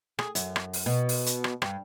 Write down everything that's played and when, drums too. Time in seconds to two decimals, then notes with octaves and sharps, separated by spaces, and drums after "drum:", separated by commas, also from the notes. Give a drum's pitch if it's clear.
0.19 G#4, drum: rim click
0.35 F#2, drum: hi-hat
0.56 drum: rim click
0.73 drum: open hi-hat
0.86 B2
1.09 drum: open hi-hat
1.26 drum: hi-hat
1.44 drum: rim click
1.62 G2, drum: rim click